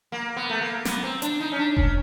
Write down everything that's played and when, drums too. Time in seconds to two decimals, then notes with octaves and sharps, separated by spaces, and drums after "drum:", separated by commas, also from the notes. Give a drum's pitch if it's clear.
0.12 A#3
0.36 B3
0.50 A3
0.61 A#3
0.85 B3, drum: snare
1.04 C4
1.22 D4, drum: hi-hat
1.40 D#4
1.52 C#4
1.59 D4
1.77 C#4, drum: kick F1